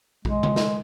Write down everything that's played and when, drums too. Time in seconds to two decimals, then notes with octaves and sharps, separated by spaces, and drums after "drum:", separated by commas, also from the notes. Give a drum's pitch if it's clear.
0.25 G#3, drum: kick A#1
0.43 drum: tom C#3
0.56 drum: snare